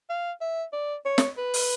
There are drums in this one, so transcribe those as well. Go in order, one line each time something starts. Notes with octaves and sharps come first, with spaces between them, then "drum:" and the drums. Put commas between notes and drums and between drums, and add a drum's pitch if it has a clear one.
F5
E5
D5
C#5
drum: snare
B4
drum: open hi-hat